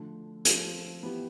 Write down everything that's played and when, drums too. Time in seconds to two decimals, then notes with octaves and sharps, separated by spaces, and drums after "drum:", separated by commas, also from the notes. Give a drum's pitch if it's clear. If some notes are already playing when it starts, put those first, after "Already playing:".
Already playing: D3 F3 A3
0.45 F3 C4 F4 A4, drum: hi-hat
1.03 E3 B3 E4 G4